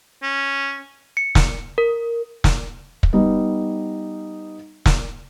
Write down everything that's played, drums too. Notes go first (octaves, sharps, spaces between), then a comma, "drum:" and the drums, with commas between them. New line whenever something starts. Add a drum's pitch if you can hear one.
C#4
C#7
drum: snare
A#4
drum: snare
drum: kick
G3 B3 D#4
drum: snare